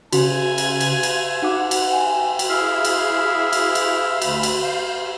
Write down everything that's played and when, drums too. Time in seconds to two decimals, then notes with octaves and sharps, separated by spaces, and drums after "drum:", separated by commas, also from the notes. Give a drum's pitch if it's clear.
0.12 C#3 F#4 G4 G#5, drum: cymbal
0.58 drum: cymbal
0.81 drum: cymbal
1.03 drum: cymbal
1.42 D#4 F#4 F#5 D6
1.71 drum: cymbal
1.90 G5 G#5
2.39 drum: cymbal
2.49 E4 G#4 E5 F5
2.85 drum: cymbal
3.53 drum: cymbal
3.75 drum: cymbal
4.22 D2 B5, drum: cymbal
4.43 drum: cymbal
4.63 F5 G6